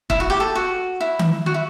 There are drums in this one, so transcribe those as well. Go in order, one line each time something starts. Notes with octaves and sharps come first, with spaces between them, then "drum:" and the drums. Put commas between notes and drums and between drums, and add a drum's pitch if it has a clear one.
E4, drum: kick
F#4
G4
A4
F#4
E4
drum: tom D#3
F#4
E4